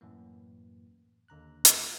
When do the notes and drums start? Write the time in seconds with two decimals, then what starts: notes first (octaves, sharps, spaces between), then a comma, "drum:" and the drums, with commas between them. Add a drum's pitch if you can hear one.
0.01 F#2 A2 E3 A#3
1.28 D#2 D3 A#5 F#6
1.65 drum: hi-hat